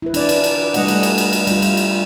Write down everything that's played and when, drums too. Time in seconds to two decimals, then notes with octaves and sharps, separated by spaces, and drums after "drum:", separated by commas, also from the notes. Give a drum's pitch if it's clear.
0.02 E4 B4
0.14 D4 D5, drum: cymbal
0.29 drum: cymbal
0.44 drum: cymbal
0.74 G3 A3 D4 D#5 F#5, drum: cymbal
0.88 drum: cymbal
1.03 drum: cymbal
1.18 drum: cymbal
1.33 drum: cymbal
1.47 G3 F4, drum: cymbal
1.62 drum: cymbal
1.77 drum: cymbal